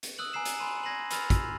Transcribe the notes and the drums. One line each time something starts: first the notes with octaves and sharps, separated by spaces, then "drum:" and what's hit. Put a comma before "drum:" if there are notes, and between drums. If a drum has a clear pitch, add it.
drum: hi-hat
D#6 E6 F#6 F#7
G#5 A#5 E6 C7 E7
drum: hi-hat
G#5 B5 C6 D#7
G#6 A#6 C7 D#7 F#7
G#5 B5 E6 F6 A6 F7, drum: hi-hat
E6, drum: kick, hi-hat